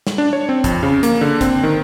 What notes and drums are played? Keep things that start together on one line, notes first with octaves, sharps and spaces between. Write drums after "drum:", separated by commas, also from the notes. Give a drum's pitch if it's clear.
drum: snare
D4
C#5
C4
F2, drum: kick, hi-hat
C#3
A#3, drum: hi-hat
D3
C4, drum: kick, hi-hat
D#3